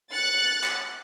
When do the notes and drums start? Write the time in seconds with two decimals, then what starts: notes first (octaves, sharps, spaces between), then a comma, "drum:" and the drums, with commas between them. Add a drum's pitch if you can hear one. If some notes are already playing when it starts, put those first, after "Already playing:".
0.12 F#6 A6 C#7
0.64 drum: clap